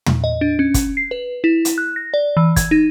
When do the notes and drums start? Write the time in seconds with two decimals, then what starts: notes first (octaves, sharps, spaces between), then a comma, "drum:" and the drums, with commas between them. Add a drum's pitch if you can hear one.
0.06 drum: tom
0.24 D#5
0.41 D4
0.59 C#4
0.74 drum: kick, hi-hat
0.97 C7
1.11 B4
1.44 E4
1.65 drum: hi-hat
1.78 F#6
1.96 A#6
2.14 D5
2.37 E3
2.56 G#6, drum: kick, hi-hat
2.71 D#4